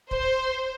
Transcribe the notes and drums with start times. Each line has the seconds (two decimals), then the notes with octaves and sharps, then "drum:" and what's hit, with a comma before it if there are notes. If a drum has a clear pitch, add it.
0.11 C5, drum: kick